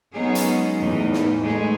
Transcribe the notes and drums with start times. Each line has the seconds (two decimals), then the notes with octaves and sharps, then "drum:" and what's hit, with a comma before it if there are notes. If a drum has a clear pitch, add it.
0.12 F#3 G#3 B3 C#4 D#4 G#4
0.35 drum: hi-hat
0.79 E2 A2 E3 D#4
1.13 drum: snare
1.42 G#3 A3 B3 D#4 G#4